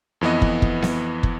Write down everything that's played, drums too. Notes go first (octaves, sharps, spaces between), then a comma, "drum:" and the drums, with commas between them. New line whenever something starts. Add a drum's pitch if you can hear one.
F2 E3 B3 D#5
drum: kick
drum: kick
drum: snare B3
drum: kick